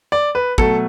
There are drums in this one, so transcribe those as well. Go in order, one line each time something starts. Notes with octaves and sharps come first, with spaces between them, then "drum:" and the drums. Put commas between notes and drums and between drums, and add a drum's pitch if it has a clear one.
D5
B4
B2 F#3 A3 A4, drum: kick